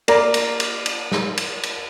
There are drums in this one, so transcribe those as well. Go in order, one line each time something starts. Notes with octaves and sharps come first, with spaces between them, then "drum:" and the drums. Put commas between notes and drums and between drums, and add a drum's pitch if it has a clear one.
A#3 D5 A#5, drum: cymbal
drum: cymbal
drum: cymbal
drum: cymbal
drum: snare
drum: cymbal
drum: cymbal